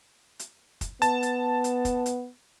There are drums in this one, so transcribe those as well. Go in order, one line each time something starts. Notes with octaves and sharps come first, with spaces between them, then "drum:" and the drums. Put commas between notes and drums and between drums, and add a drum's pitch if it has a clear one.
drum: hi-hat
drum: kick, hi-hat
B3 A5, drum: hi-hat
drum: hi-hat
drum: hi-hat
drum: kick, hi-hat
drum: hi-hat